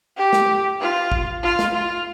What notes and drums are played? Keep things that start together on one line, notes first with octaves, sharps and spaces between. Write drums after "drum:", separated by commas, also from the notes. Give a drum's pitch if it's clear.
G4
drum: snare
F4
drum: kick
F4
drum: snare
F4